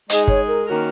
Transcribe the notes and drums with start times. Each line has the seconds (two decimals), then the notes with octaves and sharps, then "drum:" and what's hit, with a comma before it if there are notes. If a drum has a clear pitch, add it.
0.10 G#3 D#4 G#4 D#5, drum: hi-hat
0.28 C#5, drum: kick
0.47 A#4
0.65 D#3 A#3 C#4 F#4 A#4